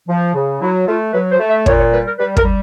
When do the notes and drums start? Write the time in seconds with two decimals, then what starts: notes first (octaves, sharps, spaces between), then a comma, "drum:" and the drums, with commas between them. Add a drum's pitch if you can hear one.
0.08 F3
0.35 C#3
0.61 F#3 E4
0.87 A3 F4
1.13 F#3 B4
1.32 C5
1.39 A3
1.49 E5
1.66 A#2 C#5, drum: kick
1.79 C#5
1.92 G3 B4
2.06 A#4
2.19 G3 B4
2.37 A#4, drum: kick
2.45 G3